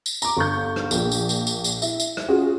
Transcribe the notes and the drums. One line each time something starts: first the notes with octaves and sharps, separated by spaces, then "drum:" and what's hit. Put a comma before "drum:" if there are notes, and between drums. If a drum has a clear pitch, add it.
drum: tambourine
A#5 D6, drum: tambourine
G1 C#6 G6
drum: rim click
A#1 A#2, drum: tambourine
drum: tambourine
drum: tambourine
drum: tambourine
drum: tambourine
E4 E5, drum: tambourine
drum: tambourine
drum: rim click
C#4 F4 F#4 G#4